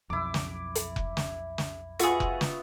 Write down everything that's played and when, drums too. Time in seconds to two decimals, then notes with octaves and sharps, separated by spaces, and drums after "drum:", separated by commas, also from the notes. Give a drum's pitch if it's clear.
0.10 B1 F2 E4 D6
0.34 drum: snare
0.75 drum: hi-hat
0.96 drum: kick F1
1.17 drum: snare
1.58 drum: snare
1.99 B3 F4 F#4 G#4 E5 C#6, drum: hi-hat
2.20 drum: kick F1
2.41 drum: snare